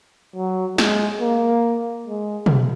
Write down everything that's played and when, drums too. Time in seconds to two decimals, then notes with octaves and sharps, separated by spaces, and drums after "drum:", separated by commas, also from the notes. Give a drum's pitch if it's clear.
0.36 F#3
0.78 G#3, drum: snare
1.21 A#3
2.07 G#3
2.46 drum: tom